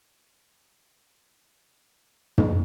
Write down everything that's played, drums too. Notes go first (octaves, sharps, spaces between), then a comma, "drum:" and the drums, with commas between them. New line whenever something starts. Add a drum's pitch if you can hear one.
A3 D#4
drum: tom